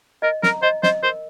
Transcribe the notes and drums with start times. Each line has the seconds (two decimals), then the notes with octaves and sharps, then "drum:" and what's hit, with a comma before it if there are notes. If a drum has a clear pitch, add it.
0.22 A#4 D#5
0.43 A#4 A#5, drum: snare
0.63 C5 D#5
0.83 C5 D#5, drum: snare
1.03 A#4 C5